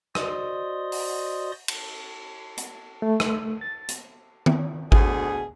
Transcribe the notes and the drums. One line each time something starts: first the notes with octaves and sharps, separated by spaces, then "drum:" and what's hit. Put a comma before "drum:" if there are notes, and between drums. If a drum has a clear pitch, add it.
F#4 C5 D5 D#5 C6 D#6, drum: rim click
drum: open hi-hat
drum: cymbal
drum: hi-hat
A3
drum: rim click
A6
drum: hi-hat
drum: tom D#3
D2 B2 G#4, drum: kick G#1